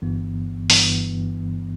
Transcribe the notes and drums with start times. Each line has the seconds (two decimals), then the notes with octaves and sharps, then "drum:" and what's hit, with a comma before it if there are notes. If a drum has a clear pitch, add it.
0.02 G1 G2 E3 B3
0.70 G1 G2 E3 B3, drum: open hi-hat